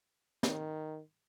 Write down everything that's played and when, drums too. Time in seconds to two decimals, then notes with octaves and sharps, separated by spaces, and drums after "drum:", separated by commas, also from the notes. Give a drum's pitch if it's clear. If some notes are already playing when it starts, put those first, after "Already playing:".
0.43 D#3, drum: snare